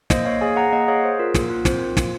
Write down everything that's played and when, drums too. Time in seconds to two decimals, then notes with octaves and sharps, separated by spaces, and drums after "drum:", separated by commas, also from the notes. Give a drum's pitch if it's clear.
0.10 A#3 C5 D#5, drum: snare
0.25 A#3 C#5 F5
0.41 G#4 F5 G#5
0.56 G#4 F#5 A#5
0.72 A#3 D#5 F#5
0.88 G#4 C#5 F5
1.03 G#4 C5
1.19 F4 A#4
1.34 A#3, drum: snare
1.50 F4
1.65 C4 C5, drum: snare
1.81 F4
1.97 A#3, drum: snare